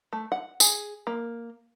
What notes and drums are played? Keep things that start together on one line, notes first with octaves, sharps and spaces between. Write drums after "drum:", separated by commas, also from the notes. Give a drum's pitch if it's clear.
A3
F#5
G#4, drum: tambourine
A#3